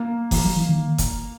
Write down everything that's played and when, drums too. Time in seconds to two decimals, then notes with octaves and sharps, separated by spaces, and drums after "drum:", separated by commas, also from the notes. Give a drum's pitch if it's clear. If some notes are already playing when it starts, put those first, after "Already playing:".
Already playing: A#3
0.31 E3, drum: kick F#1, open hi-hat
0.45 F#3
0.57 E3
0.69 D#3
0.98 drum: kick F#1, hi-hat